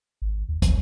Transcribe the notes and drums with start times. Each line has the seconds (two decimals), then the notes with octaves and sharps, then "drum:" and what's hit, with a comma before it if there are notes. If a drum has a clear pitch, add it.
0.22 G#1
0.49 D#2
0.62 G1, drum: kick, hi-hat